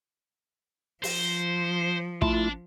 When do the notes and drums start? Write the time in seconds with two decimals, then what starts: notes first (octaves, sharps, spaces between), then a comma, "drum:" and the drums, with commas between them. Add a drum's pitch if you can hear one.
1.04 F3 C5, drum: open hi-hat
2.22 A3 D4 E4 F4 A5, drum: kick